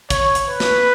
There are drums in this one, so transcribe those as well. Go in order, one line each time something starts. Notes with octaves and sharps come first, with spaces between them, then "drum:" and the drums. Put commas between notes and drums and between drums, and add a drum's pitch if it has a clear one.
C#5, drum: kick, hi-hat
drum: hi-hat
B4
drum: snare